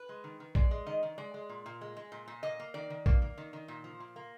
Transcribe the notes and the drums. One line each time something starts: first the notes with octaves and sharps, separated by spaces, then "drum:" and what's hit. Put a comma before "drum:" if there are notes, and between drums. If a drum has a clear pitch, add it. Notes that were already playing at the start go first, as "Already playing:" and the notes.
Already playing: B4
G#3
D#3
D#3
G#3 D5, drum: kick A#1
G#3
D#3 D#5
D#3
G#3 D5
G#3
A#2
A#2
G#3
G#3
A#2
A#2
A#3 D#5
A#3
D#3 D5
D#3
A#3, drum: kick A#1
A#3
D#3
D#3
A#2
F3
A#2
A#3